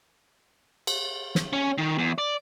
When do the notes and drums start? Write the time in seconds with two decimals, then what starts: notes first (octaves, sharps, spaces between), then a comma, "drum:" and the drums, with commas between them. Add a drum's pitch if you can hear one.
0.87 drum: cymbal
1.35 drum: snare
1.53 C#4
1.78 D#3
1.98 E2
2.18 D5